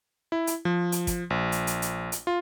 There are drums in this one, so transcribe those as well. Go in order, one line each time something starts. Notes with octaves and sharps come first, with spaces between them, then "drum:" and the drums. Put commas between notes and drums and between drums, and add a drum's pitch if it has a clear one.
E4
drum: hi-hat
F3
drum: hi-hat
drum: kick, hi-hat
A#1
drum: hi-hat
drum: hi-hat
drum: hi-hat
drum: hi-hat
F4